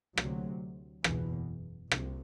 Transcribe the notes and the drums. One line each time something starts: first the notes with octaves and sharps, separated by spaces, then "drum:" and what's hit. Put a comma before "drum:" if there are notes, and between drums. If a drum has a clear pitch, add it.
D2 C3 F#3, drum: rim click
F#1 E2 B2 E3, drum: rim click
C2 C3, drum: rim click